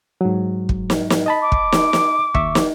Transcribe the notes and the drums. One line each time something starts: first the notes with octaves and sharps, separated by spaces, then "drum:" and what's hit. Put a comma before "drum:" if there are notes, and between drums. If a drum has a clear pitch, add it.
G#2 F#3
drum: kick
drum: snare
drum: snare
D#5 A5 B5
D6
drum: kick
drum: snare
drum: snare
D#2 E5 C#6, drum: kick
drum: snare